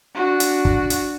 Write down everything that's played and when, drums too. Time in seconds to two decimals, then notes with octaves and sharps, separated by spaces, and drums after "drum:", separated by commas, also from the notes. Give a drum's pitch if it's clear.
0.15 D4 F#4
0.40 drum: hi-hat
0.65 drum: kick
0.90 drum: hi-hat